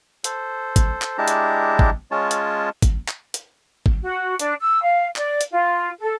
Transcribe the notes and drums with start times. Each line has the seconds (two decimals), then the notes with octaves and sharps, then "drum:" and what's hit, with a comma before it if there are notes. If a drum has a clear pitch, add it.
0.24 A4 C5, drum: hi-hat
0.76 drum: kick, hi-hat
1.02 drum: clap
1.18 G#3 D4 E4 G4 A5 A#5
1.28 drum: hi-hat
1.79 drum: kick
2.11 G#3 C#4 F4 C#5 A5
2.31 drum: hi-hat
2.82 drum: kick, hi-hat
3.08 drum: clap
3.34 drum: hi-hat
3.86 drum: kick
4.03 F#4
4.39 D4, drum: hi-hat
4.60 E6
4.83 F5
5.16 D5, drum: clap
5.41 drum: hi-hat
5.50 F4
5.99 A4